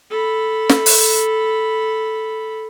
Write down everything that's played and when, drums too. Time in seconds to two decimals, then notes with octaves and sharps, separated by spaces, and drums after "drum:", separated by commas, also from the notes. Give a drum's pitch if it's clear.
0.10 A4 B5
0.69 drum: snare
0.86 drum: open hi-hat